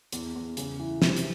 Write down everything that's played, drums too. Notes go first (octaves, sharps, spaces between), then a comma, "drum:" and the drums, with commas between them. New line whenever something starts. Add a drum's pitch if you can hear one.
E2, drum: hi-hat
E2
C#3, drum: hi-hat
E3
C3, drum: snare
drum: hi-hat